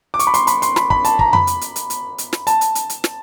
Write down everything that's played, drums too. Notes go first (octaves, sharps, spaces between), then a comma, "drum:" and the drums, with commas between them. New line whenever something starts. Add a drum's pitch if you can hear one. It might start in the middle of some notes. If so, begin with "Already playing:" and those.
D6
C#6, drum: hi-hat
B5
C6, drum: hi-hat
B5, drum: hi-hat
C6, drum: hi-hat
B5, drum: snare
B5, drum: kick
A5, drum: hi-hat
A#5, drum: kick
B5, drum: tom F2
drum: hi-hat
drum: hi-hat
drum: hi-hat
drum: hi-hat
drum: hi-hat
drum: snare
A5, drum: hi-hat
drum: hi-hat
drum: hi-hat
drum: hi-hat
drum: snare